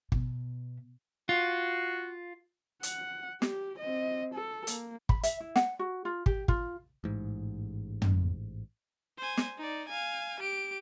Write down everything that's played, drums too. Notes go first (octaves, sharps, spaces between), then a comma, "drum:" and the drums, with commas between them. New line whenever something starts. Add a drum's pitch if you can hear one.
B2, drum: kick
F4 F#4
F#5, drum: hi-hat
G4, drum: snare
C4 D#5
A4
A#3, drum: hi-hat
B5, drum: kick
E5, drum: hi-hat
E4
F#5, drum: snare
F#4
F4
G4, drum: kick
F4, drum: kick
A1 G#2
drum: tom
C5 G#5
drum: snare
D#4 D5
F5 G#5
G4 D7